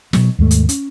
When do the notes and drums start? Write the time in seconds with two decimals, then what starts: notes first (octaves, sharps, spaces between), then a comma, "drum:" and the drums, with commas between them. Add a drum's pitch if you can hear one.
0.13 B2 F#3, drum: snare
0.39 D#2 G#2 A3
0.51 drum: hi-hat
0.69 C#4, drum: hi-hat